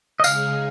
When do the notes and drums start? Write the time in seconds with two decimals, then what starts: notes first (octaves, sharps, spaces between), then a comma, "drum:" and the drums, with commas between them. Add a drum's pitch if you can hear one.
0.20 D#5
0.24 C#3 G#3 D#4 G#4 F5, drum: tambourine